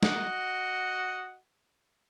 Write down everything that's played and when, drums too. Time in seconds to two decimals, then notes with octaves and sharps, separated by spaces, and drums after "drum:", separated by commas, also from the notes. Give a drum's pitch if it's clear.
0.03 F#4 D#5 F#5, drum: snare